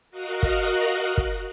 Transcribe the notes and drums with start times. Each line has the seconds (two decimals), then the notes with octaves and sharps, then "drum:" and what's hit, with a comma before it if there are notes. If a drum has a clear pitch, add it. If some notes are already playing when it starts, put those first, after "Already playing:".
0.11 F#4 A#4 D#5 F5 F#6
0.43 drum: kick
1.18 drum: kick